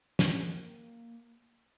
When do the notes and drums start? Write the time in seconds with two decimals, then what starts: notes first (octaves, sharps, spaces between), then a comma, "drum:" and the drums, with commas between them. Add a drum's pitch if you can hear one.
0.19 A#3 F#5 G5, drum: snare